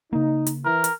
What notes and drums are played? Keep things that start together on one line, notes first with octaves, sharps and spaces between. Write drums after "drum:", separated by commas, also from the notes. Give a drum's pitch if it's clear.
C#3 A#3 D#4
drum: hi-hat
E3 A#4
drum: hi-hat